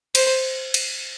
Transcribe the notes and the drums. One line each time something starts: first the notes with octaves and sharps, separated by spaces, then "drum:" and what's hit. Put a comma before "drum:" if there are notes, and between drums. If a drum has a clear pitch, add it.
C5, drum: cymbal
drum: cymbal